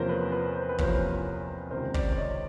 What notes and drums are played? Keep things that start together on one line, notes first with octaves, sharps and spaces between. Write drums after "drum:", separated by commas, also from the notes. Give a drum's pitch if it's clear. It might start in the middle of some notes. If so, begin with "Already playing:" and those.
Already playing: E2 C3 F3 A#3 C#4 A#4 C5
B4
B4
C5
B4
E2 C3 F3 A#3 C#4 A#4 C5, drum: kick
C#2 C3 D#3 A#4 C5
C5 D5, drum: kick
D5
C#5 D#5